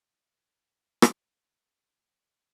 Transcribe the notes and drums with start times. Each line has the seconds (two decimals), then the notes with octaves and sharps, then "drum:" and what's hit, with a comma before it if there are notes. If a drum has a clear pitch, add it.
1.02 drum: rim click
1.16 D1 E3 G#3
1.77 D#3 D#5
2.19 G2 E3 C#4